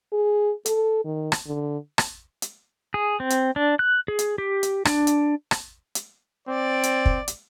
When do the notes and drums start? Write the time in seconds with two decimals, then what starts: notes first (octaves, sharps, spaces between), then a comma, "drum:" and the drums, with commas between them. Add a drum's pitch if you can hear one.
0.13 G#4
0.66 A4, drum: hi-hat
1.05 D#3
1.32 drum: rim click
1.47 D3
1.98 drum: rim click
2.42 drum: hi-hat
2.94 G#4
3.20 C4
3.30 drum: hi-hat
3.56 D4
3.79 F#6
4.08 G#4
4.19 drum: hi-hat
4.38 G4
4.63 drum: hi-hat
4.85 D4, drum: rim click
5.07 drum: hi-hat
5.51 drum: rim click
5.95 drum: hi-hat
6.48 C4 D5
6.83 drum: hi-hat
7.06 drum: kick
7.28 drum: hi-hat